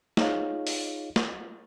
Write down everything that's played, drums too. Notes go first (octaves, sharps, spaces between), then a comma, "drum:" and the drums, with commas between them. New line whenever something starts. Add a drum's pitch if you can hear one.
D#4 F4 G#4 C#5 F5, drum: snare
drum: open hi-hat
drum: snare